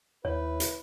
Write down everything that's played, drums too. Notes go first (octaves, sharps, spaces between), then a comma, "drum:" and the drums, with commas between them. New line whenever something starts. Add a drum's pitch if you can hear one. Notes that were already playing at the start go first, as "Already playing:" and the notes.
D#2 E4 B4 C#5
drum: hi-hat